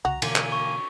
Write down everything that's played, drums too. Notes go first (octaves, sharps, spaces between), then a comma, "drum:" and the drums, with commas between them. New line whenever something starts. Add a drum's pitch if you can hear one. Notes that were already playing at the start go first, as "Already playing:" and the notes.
C2 C#3 F#4 A#5
B2 D3 E3 A#3 G#5, drum: cymbal
drum: clap
C#6